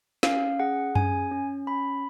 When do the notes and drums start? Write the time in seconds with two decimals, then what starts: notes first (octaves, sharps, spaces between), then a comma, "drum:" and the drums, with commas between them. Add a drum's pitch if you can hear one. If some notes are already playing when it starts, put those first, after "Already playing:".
0.23 C#4 F5, drum: snare
0.60 G#4 F#5
0.95 C#4 G#5, drum: tom F#2
1.31 C#4
1.67 C#4 B5